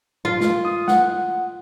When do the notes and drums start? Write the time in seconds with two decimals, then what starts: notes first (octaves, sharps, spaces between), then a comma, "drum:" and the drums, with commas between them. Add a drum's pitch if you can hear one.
0.25 F4
0.41 drum: snare
0.65 D#6
0.88 F#5, drum: snare